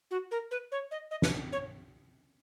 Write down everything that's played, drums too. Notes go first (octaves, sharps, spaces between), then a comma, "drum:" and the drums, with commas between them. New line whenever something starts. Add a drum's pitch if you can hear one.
F#4
A#4
B4
C#5
D#5
D#5
B4, drum: snare
C#5